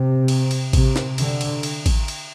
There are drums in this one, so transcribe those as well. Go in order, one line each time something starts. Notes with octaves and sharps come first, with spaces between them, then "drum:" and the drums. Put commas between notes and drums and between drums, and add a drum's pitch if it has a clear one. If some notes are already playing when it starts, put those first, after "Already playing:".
Already playing: C3
drum: cymbal
drum: cymbal
C3, drum: kick A1, cymbal
drum: snare
D3, drum: cymbal
drum: cymbal
drum: cymbal
drum: kick A1, cymbal
drum: cymbal